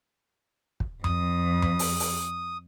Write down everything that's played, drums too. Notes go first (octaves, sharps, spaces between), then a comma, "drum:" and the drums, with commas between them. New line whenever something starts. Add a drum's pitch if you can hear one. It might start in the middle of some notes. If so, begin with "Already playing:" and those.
drum: kick
F2 D#6, drum: tom F2
drum: tom F2
drum: open hi-hat
drum: open hi-hat